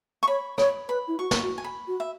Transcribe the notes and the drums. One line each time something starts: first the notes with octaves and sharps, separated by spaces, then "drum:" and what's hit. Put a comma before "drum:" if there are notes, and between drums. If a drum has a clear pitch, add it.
C#6
C#5 B5
C#5 B5, drum: rim click
B4 B5
E4
F#4 C#6
drum: snare
F#4
G#5
B5
F#4
E5